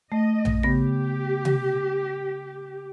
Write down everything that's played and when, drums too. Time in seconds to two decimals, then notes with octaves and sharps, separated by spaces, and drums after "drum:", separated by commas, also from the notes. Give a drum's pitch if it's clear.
0.12 A3 D#5
0.45 drum: tom A#1
0.63 C#3 B3 G4 A#6
1.45 drum: tom C3